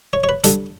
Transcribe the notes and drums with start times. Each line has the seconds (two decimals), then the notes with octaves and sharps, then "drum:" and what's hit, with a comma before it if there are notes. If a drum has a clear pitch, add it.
0.13 C#5
0.24 C#5
0.29 B4
0.44 G2 D3 A4, drum: hi-hat